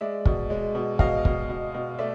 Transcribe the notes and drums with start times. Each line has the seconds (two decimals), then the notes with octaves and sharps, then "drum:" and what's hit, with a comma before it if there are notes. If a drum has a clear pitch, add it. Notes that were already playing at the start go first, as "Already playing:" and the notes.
0.01 G#3 D5 E5
0.25 B2, drum: kick
0.50 G#3
0.75 B2
0.99 B2 D#5 F5, drum: kick
1.25 B2, drum: kick
1.49 B2
1.74 B2
1.99 A3 D5 E5